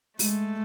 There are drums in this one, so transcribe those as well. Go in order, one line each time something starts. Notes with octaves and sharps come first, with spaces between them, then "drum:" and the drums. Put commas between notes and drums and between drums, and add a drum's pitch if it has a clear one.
G#3 A3, drum: open hi-hat